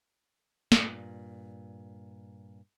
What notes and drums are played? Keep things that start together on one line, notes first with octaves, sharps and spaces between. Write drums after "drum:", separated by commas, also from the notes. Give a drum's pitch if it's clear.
G2 A#2, drum: snare